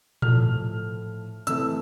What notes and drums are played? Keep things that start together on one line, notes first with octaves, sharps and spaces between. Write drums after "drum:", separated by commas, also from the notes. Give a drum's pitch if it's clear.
A2 F3 A3 F6, drum: tom A#2
C3 E3 A3 E6, drum: hi-hat